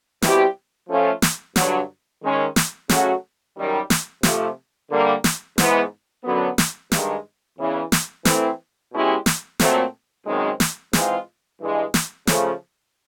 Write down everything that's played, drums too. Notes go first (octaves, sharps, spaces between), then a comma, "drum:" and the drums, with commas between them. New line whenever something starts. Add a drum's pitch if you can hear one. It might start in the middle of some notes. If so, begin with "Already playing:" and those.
B2 G3 C4 E4 G4, drum: snare
F3 A3 C#4 F4
drum: snare
G2 D3 F#3, drum: snare
D#3 G#3 C#4
drum: snare
C#3 F#3 A3 C#4 F#4, drum: snare
F#2 D#3 G3
drum: snare
C3 F3 A3, drum: snare
D3 G3 A#3
drum: snare
G#2 E3 G#3 B3, drum: snare
F#2 D3 F#3 B3
drum: snare
G2 D#3 G#3, drum: snare
E2 C#3 E3
drum: snare
E3 A3 C4 E4, drum: snare
B2 G#3 C#4 E4 G4
drum: snare
A#2 F#3 A3 C4, drum: snare
F#2 D#3 G#3 C4
drum: snare
G#2 E3 G#3 C4 F4, drum: snare
G2 E3 G#3
drum: snare
C#3 F3 A3 C#4, drum: snare